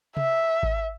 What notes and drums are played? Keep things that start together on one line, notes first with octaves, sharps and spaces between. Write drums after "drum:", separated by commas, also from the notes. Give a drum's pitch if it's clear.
E5, drum: tom C3
drum: kick G#1